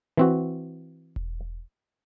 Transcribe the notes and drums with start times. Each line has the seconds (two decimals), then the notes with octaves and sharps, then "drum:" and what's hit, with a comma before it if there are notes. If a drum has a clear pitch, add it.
0.17 E3 C4 F#4
1.16 drum: kick E1